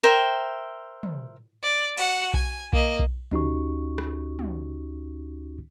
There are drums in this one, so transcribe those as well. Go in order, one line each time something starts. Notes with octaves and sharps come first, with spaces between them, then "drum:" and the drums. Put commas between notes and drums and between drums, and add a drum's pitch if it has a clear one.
A#4 C5 E5 G5
drum: tom
D5
F#4 F#5, drum: cymbal
G#5, drum: kick B1
A#3 D#5, drum: kick B1
drum: kick B1
D2 C#4 D#4 F#4 G4 C#6, drum: tom
drum: rim click
drum: tom